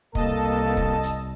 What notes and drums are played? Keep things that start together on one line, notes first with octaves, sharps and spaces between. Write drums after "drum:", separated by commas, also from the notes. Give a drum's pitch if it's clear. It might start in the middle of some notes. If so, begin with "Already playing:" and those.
C2 A#3 A4 D#5 A5, drum: kick
drum: kick
drum: hi-hat